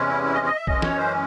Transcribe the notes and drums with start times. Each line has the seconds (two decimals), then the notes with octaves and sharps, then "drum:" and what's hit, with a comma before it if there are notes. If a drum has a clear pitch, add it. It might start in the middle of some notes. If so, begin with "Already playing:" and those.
Already playing: E2 C3 E3 G#3 C#4
0.08 E4
0.23 E4
0.34 D#5
0.45 D#5
0.56 E5
0.67 F#2 E3 G#3 C#4 D#5, drum: kick
0.82 C#5, drum: snare
0.97 C5